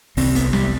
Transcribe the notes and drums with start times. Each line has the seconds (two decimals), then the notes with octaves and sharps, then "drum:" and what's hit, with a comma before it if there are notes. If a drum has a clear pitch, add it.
0.17 C2 C3 C4, drum: open hi-hat
0.35 B3, drum: kick F#1, hi-hat
0.53 G3, drum: snare